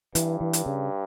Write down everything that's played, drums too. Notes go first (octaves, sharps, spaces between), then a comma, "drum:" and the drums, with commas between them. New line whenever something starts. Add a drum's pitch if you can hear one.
G2 E3, drum: hi-hat
E3
drum: hi-hat
C#3